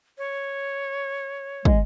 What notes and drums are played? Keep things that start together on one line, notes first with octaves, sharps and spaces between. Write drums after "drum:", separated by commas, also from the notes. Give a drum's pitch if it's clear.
C#5
G#3, drum: kick